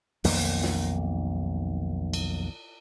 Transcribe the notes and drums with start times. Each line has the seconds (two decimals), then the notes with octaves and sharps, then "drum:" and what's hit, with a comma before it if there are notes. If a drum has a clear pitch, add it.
0.24 B1 F2 D#3 A#3, drum: open hi-hat
0.63 drum: snare
2.13 drum: cymbal